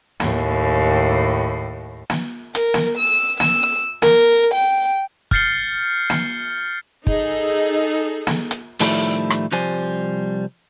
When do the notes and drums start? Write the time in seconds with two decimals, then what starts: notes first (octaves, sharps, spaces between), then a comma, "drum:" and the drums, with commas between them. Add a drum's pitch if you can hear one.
0.20 D#2 A2, drum: snare
2.10 drum: snare
2.55 A#4, drum: hi-hat
2.74 drum: snare
2.98 E6
3.40 E6, drum: snare
4.02 A#4, drum: snare
4.54 G5
5.31 F6 G6 A6 C7 C#7 G7, drum: kick
6.10 drum: snare
7.07 D#4 G#4 A4 D#5, drum: kick
8.27 drum: snare
8.51 drum: hi-hat
8.80 A2 D#3 F3 G3 A3 E4, drum: open hi-hat
9.30 drum: rim click
9.51 C2 C3 F3 G3 C5 G#5